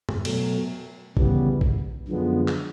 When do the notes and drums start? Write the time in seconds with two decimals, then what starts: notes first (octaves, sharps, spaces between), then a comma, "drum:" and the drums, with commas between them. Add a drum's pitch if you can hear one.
0.09 drum: tom F2
0.25 B2 F#3 A3, drum: cymbal
1.17 D2 C#3 E3 G3 B3, drum: kick A#1
1.61 drum: kick A#1
2.08 F#2 D3 F3 G#3 B3
2.48 drum: clap